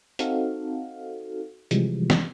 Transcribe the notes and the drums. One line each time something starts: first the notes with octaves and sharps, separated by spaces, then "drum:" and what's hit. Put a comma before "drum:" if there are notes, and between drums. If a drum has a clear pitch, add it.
C4 D#4 F#4 A4 F5, drum: hi-hat
C3 E3 F3 G3 G#3, drum: hi-hat
drum: snare